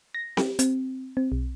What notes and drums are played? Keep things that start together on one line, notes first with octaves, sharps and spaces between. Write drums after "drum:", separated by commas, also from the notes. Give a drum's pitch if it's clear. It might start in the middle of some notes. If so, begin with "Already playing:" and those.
A#6
G4, drum: snare C4
C4, drum: hi-hat
C4
B1